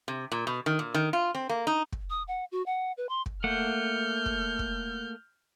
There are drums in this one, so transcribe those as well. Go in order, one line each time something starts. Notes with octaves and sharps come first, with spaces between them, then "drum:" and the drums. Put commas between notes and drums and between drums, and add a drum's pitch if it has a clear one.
C3
A#2
B2
D#3
A#2
D#3
F4
C4
A#3
D#4
drum: kick
D#6
F#5
F#4
F#5
B4
C6
drum: kick
A3 A#3 F#5 F6 G6
drum: kick
drum: kick